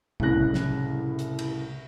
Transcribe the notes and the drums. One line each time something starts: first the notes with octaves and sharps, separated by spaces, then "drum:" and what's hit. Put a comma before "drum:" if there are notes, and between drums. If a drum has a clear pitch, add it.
C2 A2 C#3 F#6 A#6, drum: kick
drum: snare
drum: hi-hat
drum: cymbal